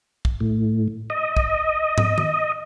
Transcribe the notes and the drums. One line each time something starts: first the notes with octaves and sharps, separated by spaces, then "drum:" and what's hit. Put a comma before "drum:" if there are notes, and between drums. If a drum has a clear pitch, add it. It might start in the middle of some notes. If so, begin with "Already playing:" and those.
drum: kick
A2
D#5
drum: kick
drum: tom
drum: tom D#3